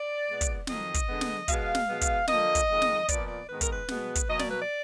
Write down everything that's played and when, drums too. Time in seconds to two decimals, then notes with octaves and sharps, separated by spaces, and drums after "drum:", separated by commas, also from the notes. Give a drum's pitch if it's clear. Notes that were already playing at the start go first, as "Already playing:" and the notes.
Already playing: D5
0.28 A#2 G#3 B3
0.41 drum: kick, hi-hat
0.67 F2 D#3 F#3 D#5, drum: snare
0.94 drum: kick, hi-hat
1.07 D3 G#3 B3
1.21 drum: snare
1.48 B2 G#3 B3 F5, drum: kick, hi-hat
1.75 drum: snare
1.88 B2 G#3 B3
2.01 drum: kick, hi-hat
2.28 D3 F3 A#3 D#5, drum: snare
2.55 drum: kick, hi-hat
2.68 F2 D#3 G#3
2.82 drum: snare
3.08 A#2 F3 B3 D5, drum: kick, hi-hat
3.28 D5
3.49 G#2 D#3 G#3 B3 B4
3.61 A#4, drum: kick, hi-hat
3.73 B4
3.88 B2 G#3 B3, drum: snare
4.15 drum: kick, hi-hat
4.29 B2 F#3 A#3 D#5
4.39 D5, drum: snare
4.50 B4
4.61 D5